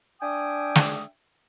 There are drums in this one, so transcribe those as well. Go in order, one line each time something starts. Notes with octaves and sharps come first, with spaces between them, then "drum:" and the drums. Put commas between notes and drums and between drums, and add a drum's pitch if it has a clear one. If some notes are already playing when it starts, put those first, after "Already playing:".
D4 E5 G5 G#5 D#6
drum: snare